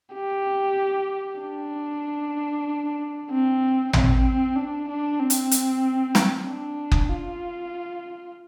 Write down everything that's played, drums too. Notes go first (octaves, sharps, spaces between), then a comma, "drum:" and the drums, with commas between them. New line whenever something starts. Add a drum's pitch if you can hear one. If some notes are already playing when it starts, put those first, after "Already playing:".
G4
D4
C4
C4, drum: tom
D4
D4
C4
drum: hi-hat
drum: hi-hat
drum: snare
D4
drum: kick F#1
F4